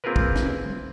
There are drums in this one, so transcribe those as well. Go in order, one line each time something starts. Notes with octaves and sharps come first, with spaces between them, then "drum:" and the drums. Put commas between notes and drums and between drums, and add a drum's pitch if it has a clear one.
A#3 C4 F4 G#4 A#4 B4
drum: kick
drum: snare